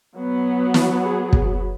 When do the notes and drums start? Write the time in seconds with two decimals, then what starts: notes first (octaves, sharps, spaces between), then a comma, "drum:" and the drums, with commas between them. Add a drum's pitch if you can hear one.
0.15 F#3 B3
0.74 drum: snare
1.03 G#4
1.33 drum: kick